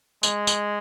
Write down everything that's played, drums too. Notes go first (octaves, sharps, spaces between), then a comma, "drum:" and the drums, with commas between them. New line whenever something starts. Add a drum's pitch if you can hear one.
G#3, drum: tambourine
drum: tambourine